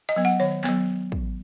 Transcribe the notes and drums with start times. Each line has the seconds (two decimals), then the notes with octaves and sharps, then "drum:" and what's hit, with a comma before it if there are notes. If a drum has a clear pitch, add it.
0.09 D#5
0.16 F#3 B3
0.25 F#5
0.40 D#3 C#5
0.64 F#3 B3, drum: clap
1.12 drum: kick